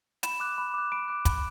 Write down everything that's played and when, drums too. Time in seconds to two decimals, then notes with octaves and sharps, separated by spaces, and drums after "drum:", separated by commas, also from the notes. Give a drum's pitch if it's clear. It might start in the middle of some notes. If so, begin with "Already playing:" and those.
0.23 B5 E7, drum: hi-hat
0.40 D6 F#6
0.58 B5
0.74 D6 F#6
0.92 B5 D7
1.08 D6 F#6
1.25 B5, drum: kick, hi-hat